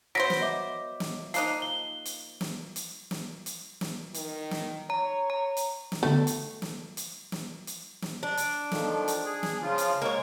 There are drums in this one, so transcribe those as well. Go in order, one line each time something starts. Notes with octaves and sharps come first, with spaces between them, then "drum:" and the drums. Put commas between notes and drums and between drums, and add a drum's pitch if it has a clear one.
F#3 B3 C5 A#6 B6 D7
drum: snare
D#5 E5 D6
drum: snare
F3 A#3 D#4 F#6 C7, drum: hi-hat
G7
drum: hi-hat
drum: snare
drum: hi-hat
drum: snare
drum: hi-hat
drum: snare
D#3, drum: hi-hat
drum: snare
C#5 A#5
A#5
drum: hi-hat
drum: snare
D3 A3 B3
drum: hi-hat
drum: snare
drum: hi-hat
drum: snare
drum: hi-hat
drum: snare
D4
drum: hi-hat
D#3 F3 A3, drum: snare
drum: hi-hat
G#4
drum: snare
C#3 F3 F4
drum: hi-hat
G#3 A#3 C#5